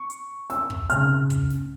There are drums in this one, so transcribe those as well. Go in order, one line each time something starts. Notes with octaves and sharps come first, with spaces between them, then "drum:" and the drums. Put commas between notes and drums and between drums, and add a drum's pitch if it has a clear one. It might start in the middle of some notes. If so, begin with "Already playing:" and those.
Already playing: C#6
drum: hi-hat
E6, drum: snare
drum: kick
C#3 F6, drum: hi-hat
drum: kick, hi-hat
drum: snare